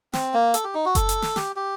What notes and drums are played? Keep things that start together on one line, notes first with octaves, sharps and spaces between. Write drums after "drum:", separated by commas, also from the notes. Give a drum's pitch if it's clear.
C4, drum: snare
A#3
A4, drum: hi-hat
G4
D#4
F#4
A4, drum: kick F#1, hi-hat
drum: hi-hat
drum: snare
G4, drum: snare
G4